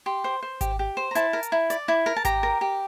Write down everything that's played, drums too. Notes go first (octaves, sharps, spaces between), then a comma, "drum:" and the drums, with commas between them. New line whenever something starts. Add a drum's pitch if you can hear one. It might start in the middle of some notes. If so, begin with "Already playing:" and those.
G4 C6
C5
C5
G4, drum: kick G#1, hi-hat
G4
C5
A#5
E4 A5, drum: hi-hat
A#4
drum: hi-hat
E4
D5, drum: hi-hat
E4
A#4
A5
G4 A#5, drum: kick G#1, hi-hat
A#4
G4